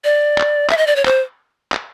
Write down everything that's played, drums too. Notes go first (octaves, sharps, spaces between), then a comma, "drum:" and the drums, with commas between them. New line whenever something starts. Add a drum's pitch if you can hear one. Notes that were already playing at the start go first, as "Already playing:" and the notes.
D5
drum: clap
E5, drum: clap
D#5
D5
C#5
C5, drum: clap
drum: clap